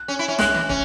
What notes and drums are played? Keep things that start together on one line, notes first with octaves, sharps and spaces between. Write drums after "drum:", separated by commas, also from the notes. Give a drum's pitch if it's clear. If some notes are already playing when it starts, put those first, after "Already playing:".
Already playing: F#6
C#4
E4
C#4
G#3 F#6, drum: snare
E3
C#4, drum: kick